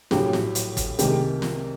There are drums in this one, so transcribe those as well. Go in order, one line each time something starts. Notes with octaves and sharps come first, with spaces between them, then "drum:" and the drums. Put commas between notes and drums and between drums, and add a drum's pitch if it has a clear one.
A#1 A2 F#3 G4, drum: snare
drum: snare
drum: hi-hat
drum: kick, hi-hat
C2 C3 D#3 G#3 G4, drum: hi-hat
drum: snare